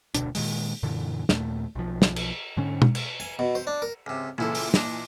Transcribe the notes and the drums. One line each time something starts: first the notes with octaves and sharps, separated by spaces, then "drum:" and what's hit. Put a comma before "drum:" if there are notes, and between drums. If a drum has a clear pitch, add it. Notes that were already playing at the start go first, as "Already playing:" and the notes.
F1 D2 B2 D4, drum: hi-hat
A#2 D#3 G#3, drum: open hi-hat
F#2 A#2 D3 E3
D#2 A#2 A3, drum: snare
B1 F3
drum: snare
drum: cymbal
G#2 D3 C#4
drum: tom B2
drum: cymbal
G#5
B2
C5
D4
A#4
C#2 C3
C#2 A#2 E3 E4 A4
drum: open hi-hat
D4 D#4, drum: snare